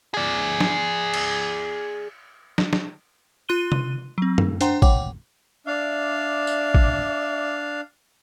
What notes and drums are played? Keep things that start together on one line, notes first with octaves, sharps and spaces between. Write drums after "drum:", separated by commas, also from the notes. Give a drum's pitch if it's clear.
G#4 D5
drum: snare
drum: cymbal
drum: snare
drum: snare
F4 C6 F#6 D#7 G7
drum: tom C3
F#3 C4
drum: tom
D4 C5 F#5 G5 A#5 C6, drum: hi-hat
C#5 F#5 G5 D6, drum: kick
D4 D5 E5 F5
drum: tambourine
drum: kick